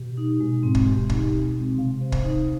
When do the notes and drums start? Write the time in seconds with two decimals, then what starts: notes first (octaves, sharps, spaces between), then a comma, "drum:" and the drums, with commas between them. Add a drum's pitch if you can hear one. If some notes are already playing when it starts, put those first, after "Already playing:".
Already playing: B2 G4
0.17 D#4
0.40 B2 G#3
0.63 G#2 C4
0.75 drum: kick
0.86 B2 G4
1.09 D#4, drum: kick
1.31 G#3
1.54 C4
1.78 C3 F5
2.01 C5
2.12 drum: kick
2.24 D#4